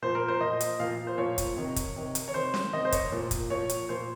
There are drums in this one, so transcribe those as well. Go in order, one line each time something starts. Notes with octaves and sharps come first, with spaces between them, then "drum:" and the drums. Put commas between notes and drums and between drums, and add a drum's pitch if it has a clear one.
A#2 F3 C5
A#4
C5
A#2 F3 D#5
drum: hi-hat
A#2 F3 F5
C5
A#2 F3 C#5
drum: kick, hi-hat
C3 D#3
drum: kick, hi-hat
C3 D#3
drum: hi-hat
C#5
C3 D#3 C5
drum: snare C#4
C3 D#3 D#5
C5
C#5, drum: kick, hi-hat
A#2 F3
drum: kick, hi-hat
A#2 F3 C#5
drum: hi-hat
A#2 F3 C5